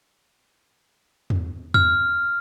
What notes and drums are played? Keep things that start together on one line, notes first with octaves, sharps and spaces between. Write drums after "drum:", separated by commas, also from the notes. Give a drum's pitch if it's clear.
drum: tom E2
F6, drum: tom E2